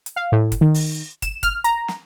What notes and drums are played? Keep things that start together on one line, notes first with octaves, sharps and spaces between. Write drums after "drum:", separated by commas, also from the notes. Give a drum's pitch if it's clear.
drum: hi-hat
F5
A2
drum: kick, hi-hat
D#3
drum: open hi-hat
E7, drum: kick, hi-hat
F6, drum: kick, hi-hat
A#5, drum: hi-hat
drum: snare